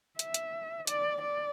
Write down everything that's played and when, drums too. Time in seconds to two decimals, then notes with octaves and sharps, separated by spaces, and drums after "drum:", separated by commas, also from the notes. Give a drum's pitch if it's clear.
0.19 E5, drum: hi-hat
0.34 drum: hi-hat
0.87 D5, drum: hi-hat
1.21 D5